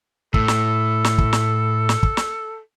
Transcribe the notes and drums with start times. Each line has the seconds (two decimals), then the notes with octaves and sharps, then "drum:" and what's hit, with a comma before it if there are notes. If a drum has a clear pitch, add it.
0.34 A2 A4, drum: kick
0.48 drum: snare
1.04 drum: snare
1.19 drum: kick
1.33 drum: snare
1.89 drum: snare
2.03 drum: kick
2.17 drum: snare